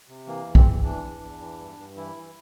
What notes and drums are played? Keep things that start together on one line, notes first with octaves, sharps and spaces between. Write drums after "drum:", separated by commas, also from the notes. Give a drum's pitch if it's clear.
C3
E3 A#3
E2
C4, drum: kick
E3
E3 D4
E2
E2
E3
G2
G2
E3 E4
E3